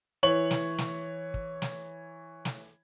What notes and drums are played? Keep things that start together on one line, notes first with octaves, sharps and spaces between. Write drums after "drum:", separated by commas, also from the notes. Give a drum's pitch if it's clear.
E3 C#5 F#7
drum: snare
drum: snare
drum: kick
drum: snare
drum: snare